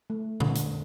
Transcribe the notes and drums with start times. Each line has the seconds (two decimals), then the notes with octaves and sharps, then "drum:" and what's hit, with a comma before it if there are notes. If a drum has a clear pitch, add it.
0.10 A3
0.40 D3, drum: tom A#2
0.55 drum: hi-hat